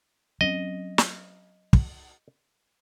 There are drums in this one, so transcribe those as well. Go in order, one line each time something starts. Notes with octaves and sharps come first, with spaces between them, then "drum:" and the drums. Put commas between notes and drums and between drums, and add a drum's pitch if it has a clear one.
F#3 C4 C#4 D#5
drum: snare
drum: kick